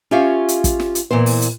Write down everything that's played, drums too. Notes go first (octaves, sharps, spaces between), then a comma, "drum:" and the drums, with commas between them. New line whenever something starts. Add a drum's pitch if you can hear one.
C#4 F4 G4 C#5 E5 F5
drum: hi-hat
drum: kick, hi-hat
drum: snare
drum: hi-hat
A#2 E3 B3 C5
drum: open hi-hat
drum: hi-hat